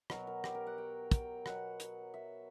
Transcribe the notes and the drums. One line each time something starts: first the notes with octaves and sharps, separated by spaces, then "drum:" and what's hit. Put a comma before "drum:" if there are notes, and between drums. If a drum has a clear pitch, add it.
B2 F#3 A#4, drum: rim click
A#4
G4, drum: rim click
A#4
F#5
G5
G5, drum: kick, hi-hat
B2 F#3 F#5, drum: rim click
drum: hi-hat
E5